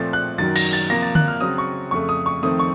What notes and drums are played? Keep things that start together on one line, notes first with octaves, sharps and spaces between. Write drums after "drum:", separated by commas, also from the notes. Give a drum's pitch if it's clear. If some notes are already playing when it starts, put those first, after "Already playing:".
Already playing: A#2 F3 A3 C4 A6
F#6
F#2 D#3 F#3 A6
A#6, drum: cymbal
A6
C3 F3 A#3 A#6
A6
F#6, drum: tom D3
F6
C#3 F#3 C4 D#6
C#6
F2 C#3 A3 C#6
D#6
C#6
F2 D#3 A3 C4 D#6
C#6